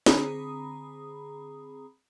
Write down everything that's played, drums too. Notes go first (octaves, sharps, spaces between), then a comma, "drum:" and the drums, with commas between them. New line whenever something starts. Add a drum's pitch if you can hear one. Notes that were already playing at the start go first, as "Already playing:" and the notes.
D3 C4 G#4 A#5 B5 D#6, drum: snare